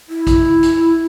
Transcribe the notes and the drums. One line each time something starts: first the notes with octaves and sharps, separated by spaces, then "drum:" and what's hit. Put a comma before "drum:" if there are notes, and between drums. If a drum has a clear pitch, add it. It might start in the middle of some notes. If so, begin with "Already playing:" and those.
E4
drum: kick A#1, hi-hat
drum: hi-hat